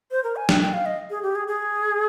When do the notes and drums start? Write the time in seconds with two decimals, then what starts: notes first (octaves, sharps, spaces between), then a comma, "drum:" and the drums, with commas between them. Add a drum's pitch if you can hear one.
0.11 C5
0.24 A#4
0.36 G#5
0.49 G5, drum: snare
0.61 G5
0.74 F5
0.86 D#5
1.10 G#4
1.23 G4
1.35 G#4
1.48 G#4